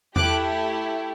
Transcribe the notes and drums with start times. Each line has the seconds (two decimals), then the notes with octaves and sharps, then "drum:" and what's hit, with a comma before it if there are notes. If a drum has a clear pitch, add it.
0.16 A3 E4 G4 D6 F#6, drum: tom E2